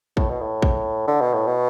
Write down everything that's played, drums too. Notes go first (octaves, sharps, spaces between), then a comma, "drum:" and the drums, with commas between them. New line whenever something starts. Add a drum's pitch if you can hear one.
A2, drum: kick
B2
A2
drum: kick
D3
B2
A2
B2